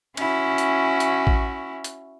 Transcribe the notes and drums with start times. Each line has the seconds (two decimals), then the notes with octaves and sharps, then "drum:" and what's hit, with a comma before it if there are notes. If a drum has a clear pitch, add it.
0.17 C#4 E4 F#4, drum: cymbal
0.58 drum: hi-hat
1.00 drum: hi-hat
1.27 drum: kick A1
1.84 drum: hi-hat